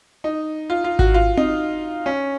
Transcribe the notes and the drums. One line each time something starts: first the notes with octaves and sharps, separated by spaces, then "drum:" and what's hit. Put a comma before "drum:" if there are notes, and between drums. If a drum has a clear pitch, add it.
D#4
F4
F4
F#4, drum: kick G#1
F4
D#4, drum: tom C4
C#4